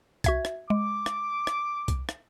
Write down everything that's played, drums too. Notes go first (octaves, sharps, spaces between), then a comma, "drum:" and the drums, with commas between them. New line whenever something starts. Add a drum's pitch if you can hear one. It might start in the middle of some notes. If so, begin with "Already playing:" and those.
F#4 E5 G#6, drum: kick C2, hi-hat
drum: rim click
G#3 D6
drum: rim click
drum: rim click
drum: kick C2, hi-hat
drum: rim click